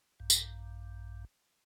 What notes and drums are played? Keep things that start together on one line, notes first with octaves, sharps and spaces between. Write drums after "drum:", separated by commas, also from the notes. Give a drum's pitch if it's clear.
A#1 G2
drum: tambourine